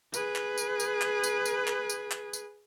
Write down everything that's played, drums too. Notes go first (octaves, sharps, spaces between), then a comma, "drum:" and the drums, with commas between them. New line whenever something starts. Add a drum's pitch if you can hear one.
G#4 B4, drum: tambourine
drum: clap
drum: tambourine
drum: tambourine
drum: clap
drum: tambourine
drum: tambourine
drum: clap
drum: tambourine
drum: clap
drum: tambourine